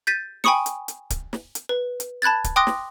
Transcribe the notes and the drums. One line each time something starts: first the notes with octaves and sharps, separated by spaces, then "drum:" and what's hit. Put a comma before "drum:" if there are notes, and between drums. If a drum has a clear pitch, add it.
G6 A6 B6 D#7
G5 G#5 B5 C#6 D#6 C#7, drum: snare
drum: hi-hat
drum: hi-hat
drum: kick D1, hi-hat
drum: snare
drum: hi-hat
B4
drum: hi-hat
A5 B5 F#6 G#6 A6
drum: kick D1, hi-hat
G5 C6 D6 D#6 F#6 A#6
drum: snare